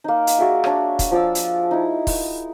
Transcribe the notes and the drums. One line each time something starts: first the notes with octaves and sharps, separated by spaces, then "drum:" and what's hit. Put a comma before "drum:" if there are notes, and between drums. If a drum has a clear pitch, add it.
A#3 D#4
drum: hi-hat
F#4 G#4 D5 E5
D4 C#5, drum: rim click
drum: kick, hi-hat
F3 D5 F5 E6
drum: hi-hat
D#4 E4
drum: kick, open hi-hat